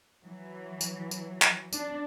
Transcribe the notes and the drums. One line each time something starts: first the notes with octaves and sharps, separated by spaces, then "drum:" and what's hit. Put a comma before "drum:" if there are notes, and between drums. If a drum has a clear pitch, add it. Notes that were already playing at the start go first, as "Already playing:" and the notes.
E3 F#3
drum: tambourine
drum: tambourine
drum: clap
D4, drum: tambourine